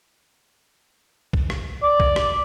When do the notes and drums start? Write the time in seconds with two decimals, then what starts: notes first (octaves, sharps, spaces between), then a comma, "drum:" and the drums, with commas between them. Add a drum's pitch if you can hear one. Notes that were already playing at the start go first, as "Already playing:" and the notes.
1.33 drum: kick B1
1.50 drum: rim click
1.83 D5
2.00 drum: kick B1
2.16 drum: rim click